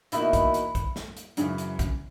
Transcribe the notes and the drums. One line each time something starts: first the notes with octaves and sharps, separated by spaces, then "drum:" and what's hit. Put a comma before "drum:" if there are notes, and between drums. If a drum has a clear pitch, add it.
E2 B2 A#3 D#4 E4 F#4, drum: hi-hat
drum: kick B1, hi-hat
drum: hi-hat
drum: kick B1, hi-hat
drum: snare
drum: hi-hat
F#2 C#3 E3, drum: hi-hat
drum: hi-hat
drum: kick B1, hi-hat